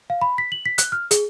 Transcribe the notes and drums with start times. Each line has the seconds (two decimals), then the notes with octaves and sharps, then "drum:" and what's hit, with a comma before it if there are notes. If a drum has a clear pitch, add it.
0.10 F5
0.22 B5
0.38 B6
0.52 F#7
0.66 B6
0.78 F#6, drum: hi-hat
0.92 F6
1.11 G#4, drum: hi-hat